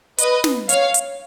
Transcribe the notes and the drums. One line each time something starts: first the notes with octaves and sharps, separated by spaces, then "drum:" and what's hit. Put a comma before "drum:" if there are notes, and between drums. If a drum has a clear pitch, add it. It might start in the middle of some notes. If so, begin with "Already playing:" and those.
B4 D#5, drum: hi-hat
drum: snare
C#5 F5, drum: hi-hat
drum: hi-hat